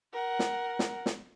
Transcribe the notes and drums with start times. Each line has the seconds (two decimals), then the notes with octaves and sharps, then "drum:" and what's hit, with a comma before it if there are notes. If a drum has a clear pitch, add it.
0.13 A#4 F#5
0.39 drum: snare
0.79 drum: snare
1.06 drum: snare